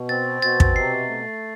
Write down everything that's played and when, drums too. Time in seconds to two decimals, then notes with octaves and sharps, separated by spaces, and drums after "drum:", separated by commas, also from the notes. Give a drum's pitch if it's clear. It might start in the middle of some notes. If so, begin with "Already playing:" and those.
Already playing: B2
0.09 C4 A6
0.42 B2 A6
0.60 drum: kick
0.76 C3 C7
1.09 A3